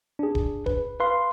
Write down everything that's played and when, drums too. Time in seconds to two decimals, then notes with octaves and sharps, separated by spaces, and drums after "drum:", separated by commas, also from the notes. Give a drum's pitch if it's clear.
0.19 D4 G#4
0.35 drum: kick D#1
0.66 B4, drum: kick D#1
1.00 B4 F5 C6